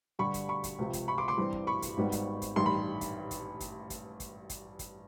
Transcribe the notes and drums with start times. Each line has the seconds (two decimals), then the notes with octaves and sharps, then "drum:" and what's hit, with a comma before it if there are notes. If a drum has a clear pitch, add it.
0.19 G2 D3 G3 B5 C#6
0.34 drum: kick, hi-hat
0.49 B5 C#6
0.64 drum: kick, hi-hat
0.78 C#2 C3 F3
0.93 drum: kick, hi-hat
1.08 B5 C#6
1.18 C6 D6
1.28 C6 D6
1.38 G2 E3 G3 C4
1.53 drum: kick
1.67 B5 C#6
1.82 drum: kick, hi-hat
1.97 G#1 G#2 D#3 G3 B3
2.12 drum: kick, hi-hat
2.42 drum: kick, hi-hat
2.56 A1 G2 D#3 C6
2.66 B5
3.01 drum: kick, hi-hat
3.31 drum: kick, hi-hat
3.60 drum: kick, hi-hat
3.90 drum: kick, hi-hat
4.20 drum: kick, hi-hat
4.50 drum: kick, hi-hat
4.79 drum: kick, hi-hat